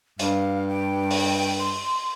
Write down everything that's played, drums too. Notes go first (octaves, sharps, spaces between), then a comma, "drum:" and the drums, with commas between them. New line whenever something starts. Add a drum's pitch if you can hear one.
G2 F5, drum: hi-hat
G5
drum: open hi-hat
C6